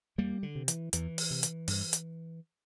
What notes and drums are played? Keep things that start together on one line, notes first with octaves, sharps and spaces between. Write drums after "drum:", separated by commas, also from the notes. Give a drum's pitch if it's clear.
E2 G3 A#3
D3
C3
E3, drum: hi-hat
E2 E3, drum: hi-hat
drum: open hi-hat
C3
drum: hi-hat
G2, drum: open hi-hat
drum: hi-hat